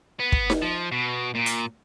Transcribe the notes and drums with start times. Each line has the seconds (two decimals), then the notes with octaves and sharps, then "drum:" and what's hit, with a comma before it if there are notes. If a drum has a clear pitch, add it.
0.20 B3
0.32 drum: kick
0.50 drum: snare D#4
0.62 F3
0.92 B2
1.35 A#2
1.46 drum: hi-hat